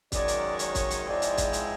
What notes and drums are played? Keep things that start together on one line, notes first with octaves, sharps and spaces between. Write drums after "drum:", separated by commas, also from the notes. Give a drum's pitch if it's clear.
F#2 D#3 G#3 C#4 D5, drum: kick, hi-hat
drum: hi-hat
C#5, drum: hi-hat
drum: kick, hi-hat
drum: hi-hat
G#2 F3 G#3 C4 E4 D5
drum: hi-hat
drum: kick, hi-hat
drum: hi-hat